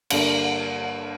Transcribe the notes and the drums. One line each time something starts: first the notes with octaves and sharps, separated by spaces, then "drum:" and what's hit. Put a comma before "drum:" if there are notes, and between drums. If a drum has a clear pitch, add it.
G2 D3 A#3, drum: cymbal